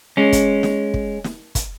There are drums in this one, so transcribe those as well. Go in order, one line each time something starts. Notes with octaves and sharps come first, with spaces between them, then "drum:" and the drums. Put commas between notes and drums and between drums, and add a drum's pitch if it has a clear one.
G#3 C#4
drum: kick, hi-hat
drum: snare
drum: kick
drum: snare
drum: kick, hi-hat